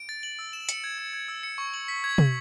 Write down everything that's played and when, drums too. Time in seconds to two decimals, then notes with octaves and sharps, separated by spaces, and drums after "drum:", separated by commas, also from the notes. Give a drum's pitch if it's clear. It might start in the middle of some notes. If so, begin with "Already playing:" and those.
Already playing: D7
0.09 A6
0.23 F#7
0.39 E6
0.53 E7
0.69 C#7, drum: hi-hat
0.84 G#6
0.98 G#6
1.13 G#6
1.28 E6
1.43 C#7
1.58 C#6
1.74 F#7
1.88 B6
2.04 G#6
2.18 G#6, drum: tom